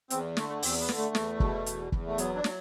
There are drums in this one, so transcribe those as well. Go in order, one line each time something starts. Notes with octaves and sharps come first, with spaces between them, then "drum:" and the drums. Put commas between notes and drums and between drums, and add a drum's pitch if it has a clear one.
E2 C4, drum: hi-hat
D3 A3, drum: snare
A3
E2 C4, drum: open hi-hat
B3
D3, drum: snare
A3
E2, drum: snare
B2, drum: kick
E2, drum: hi-hat
E2, drum: kick
A3
F#3 B3, drum: hi-hat
D4
F#3, drum: snare